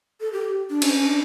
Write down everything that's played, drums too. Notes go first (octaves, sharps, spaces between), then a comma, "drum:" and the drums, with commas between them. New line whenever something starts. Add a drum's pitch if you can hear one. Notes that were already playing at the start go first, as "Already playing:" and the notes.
A4
G4
D4
C#4, drum: cymbal
C#4
D4